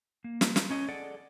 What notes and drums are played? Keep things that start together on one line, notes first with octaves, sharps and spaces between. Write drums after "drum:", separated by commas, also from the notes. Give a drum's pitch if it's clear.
A#3
drum: snare
drum: snare
C#4 D#5
G#4 A4 D5 D#5 F#5